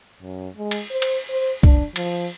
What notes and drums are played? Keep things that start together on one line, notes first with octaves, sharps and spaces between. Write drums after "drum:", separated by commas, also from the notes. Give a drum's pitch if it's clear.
F#2
G#3
drum: cymbal
C5
drum: cymbal
C5
D4, drum: kick C2
F3, drum: cymbal